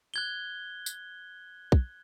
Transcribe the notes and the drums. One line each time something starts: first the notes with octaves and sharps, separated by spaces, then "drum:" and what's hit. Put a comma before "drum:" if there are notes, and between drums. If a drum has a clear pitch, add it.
F#6 G#6 G7
drum: tambourine
drum: kick